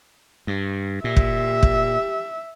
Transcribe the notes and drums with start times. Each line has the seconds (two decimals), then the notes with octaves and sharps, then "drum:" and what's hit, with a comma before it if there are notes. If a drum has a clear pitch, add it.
0.47 G2
1.04 A#2 G4 E5
1.17 drum: kick
1.63 drum: kick